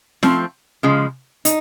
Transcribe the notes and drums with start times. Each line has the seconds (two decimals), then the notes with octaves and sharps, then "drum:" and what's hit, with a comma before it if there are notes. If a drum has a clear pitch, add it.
0.23 F3 A3 C4, drum: snare C#4
0.83 C#3 F3 G#3
1.45 D#4, drum: hi-hat